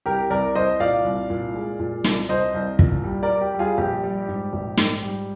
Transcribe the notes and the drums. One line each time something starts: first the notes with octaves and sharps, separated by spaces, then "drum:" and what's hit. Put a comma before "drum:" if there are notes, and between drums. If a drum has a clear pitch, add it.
C2 G4 A#4
C2 A#4 D5
C2 C5 D#5
A#2 D5 F5
C2
A#2
G#3
A#2
C2, drum: snare
C2 C5 D#5
C2
A#2, drum: kick
G3
A#4 D5
G3
G4
G3
F4 G#4
A#1 G4
G3
G#2
A#1
G#2, drum: snare
G3